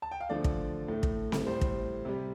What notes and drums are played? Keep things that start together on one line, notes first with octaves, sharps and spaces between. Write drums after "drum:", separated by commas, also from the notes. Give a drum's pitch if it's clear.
A5
G5
F5
D3 F3 A3 D5
drum: kick
A2 A3
drum: kick
drum: snare C4
A2 G3 C5
drum: kick
C3 G3